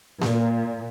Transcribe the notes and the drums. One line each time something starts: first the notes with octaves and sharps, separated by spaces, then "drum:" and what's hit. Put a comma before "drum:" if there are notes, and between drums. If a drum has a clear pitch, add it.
A#2, drum: snare A#3